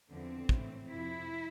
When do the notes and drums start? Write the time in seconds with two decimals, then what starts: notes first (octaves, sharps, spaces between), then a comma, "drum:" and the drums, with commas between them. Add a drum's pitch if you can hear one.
0.10 E2 D3 F3 C4
0.49 A2 E3, drum: kick
0.89 F2 C3 F3 E4